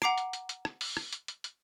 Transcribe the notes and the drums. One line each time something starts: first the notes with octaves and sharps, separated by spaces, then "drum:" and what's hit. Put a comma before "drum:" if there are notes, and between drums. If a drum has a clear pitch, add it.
F#5 A#5 D6 C7 D7, drum: rim click
drum: hi-hat
drum: hi-hat
drum: hi-hat
drum: rim click
drum: open hi-hat
drum: rim click
drum: hi-hat
drum: hi-hat
drum: hi-hat